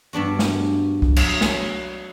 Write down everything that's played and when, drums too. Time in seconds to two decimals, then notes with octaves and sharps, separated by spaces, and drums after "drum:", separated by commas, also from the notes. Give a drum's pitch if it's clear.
0.13 G2 B3 D4 F#4
0.39 drum: snare
1.02 drum: kick C2
1.16 F#3, drum: cymbal
1.41 drum: snare